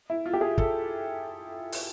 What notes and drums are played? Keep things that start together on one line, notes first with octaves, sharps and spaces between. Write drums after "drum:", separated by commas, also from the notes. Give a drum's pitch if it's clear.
E4
F4
G4
G#4
A4, drum: kick
drum: open hi-hat